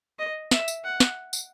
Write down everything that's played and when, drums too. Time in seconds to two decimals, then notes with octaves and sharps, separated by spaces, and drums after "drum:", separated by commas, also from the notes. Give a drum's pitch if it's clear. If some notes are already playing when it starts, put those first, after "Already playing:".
0.19 D#5
0.51 E5, drum: snare
0.68 drum: tambourine
0.84 F#5
1.00 drum: snare
1.33 drum: tambourine